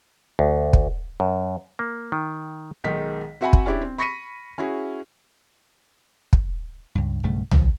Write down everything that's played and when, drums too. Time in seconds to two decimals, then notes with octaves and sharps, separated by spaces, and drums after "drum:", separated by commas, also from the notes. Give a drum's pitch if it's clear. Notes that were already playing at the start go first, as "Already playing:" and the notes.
0.39 D2
0.73 drum: kick
1.20 F#2
1.79 A#3
2.12 D#3
2.84 B1 D#3 G#3 D#4 B6
3.41 C4 F#4 E5 F#5 G#5 B5
3.53 drum: kick
3.66 C#4 D4 E4 G4 D5
3.81 C4
3.98 B5 C#6 A#6 B6 C#7 D#7
4.58 C#4 E4 F#4 G#4
6.33 drum: kick
6.95 C#2 G2
7.23 B1 G2 C#3 A3
7.51 C#2 D#3 F3 F#3, drum: tom B1